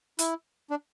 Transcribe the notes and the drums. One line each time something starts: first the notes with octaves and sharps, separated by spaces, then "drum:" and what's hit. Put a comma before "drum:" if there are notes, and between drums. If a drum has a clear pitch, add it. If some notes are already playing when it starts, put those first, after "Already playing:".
E4, drum: hi-hat
D4